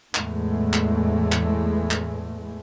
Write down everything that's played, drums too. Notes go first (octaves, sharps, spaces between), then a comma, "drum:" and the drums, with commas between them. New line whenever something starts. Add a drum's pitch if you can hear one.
E2 A2 E3 G#3 A3, drum: clap
drum: clap
drum: clap
drum: clap